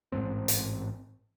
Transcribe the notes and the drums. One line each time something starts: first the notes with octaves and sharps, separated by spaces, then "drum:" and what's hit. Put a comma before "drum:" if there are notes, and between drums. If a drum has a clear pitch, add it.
A1 G#2 C3 C4
drum: hi-hat